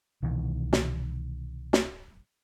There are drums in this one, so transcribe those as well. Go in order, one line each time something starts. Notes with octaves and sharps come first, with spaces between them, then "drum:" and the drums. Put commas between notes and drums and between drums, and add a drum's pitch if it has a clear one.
C2 B2 D#3 E3
drum: snare
drum: snare